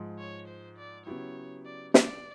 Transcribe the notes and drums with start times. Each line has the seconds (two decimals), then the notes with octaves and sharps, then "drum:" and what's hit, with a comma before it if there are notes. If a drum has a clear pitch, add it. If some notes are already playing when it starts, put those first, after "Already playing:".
Already playing: G#2 F3 G#3
0.19 C#5
0.48 C5
0.78 D5
1.06 C#3 F#3 B3 E4 G4 C#5
1.66 D5
1.94 D5, drum: snare